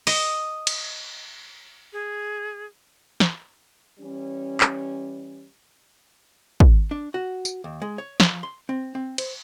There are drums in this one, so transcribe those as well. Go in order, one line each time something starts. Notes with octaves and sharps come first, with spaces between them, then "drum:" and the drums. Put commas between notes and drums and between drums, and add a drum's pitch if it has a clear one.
D#5, drum: open hi-hat
drum: cymbal
G#4
drum: snare
E3 G3 C#4
drum: clap
drum: kick
D4
F#4
drum: tambourine
D#2
G#3
C#5
F3, drum: snare
C6
C4
C4
C5, drum: cymbal